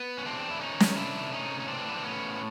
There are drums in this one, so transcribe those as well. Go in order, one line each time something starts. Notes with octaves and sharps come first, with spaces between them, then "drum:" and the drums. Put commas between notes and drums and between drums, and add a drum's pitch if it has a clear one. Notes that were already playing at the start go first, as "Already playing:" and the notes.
Already playing: B3
C#4
E2 C4 D4
E4
D#3 C#4 D#4
drum: snare
C3 D4 E4
A2 C#4 D#4
D#4
E3 C4 D4
B3
C4
A2 B3 C#4